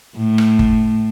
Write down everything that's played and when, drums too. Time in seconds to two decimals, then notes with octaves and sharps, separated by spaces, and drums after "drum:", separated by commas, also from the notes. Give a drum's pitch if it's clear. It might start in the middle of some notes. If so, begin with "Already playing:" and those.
0.17 A2
0.38 drum: rim click
0.59 drum: kick G1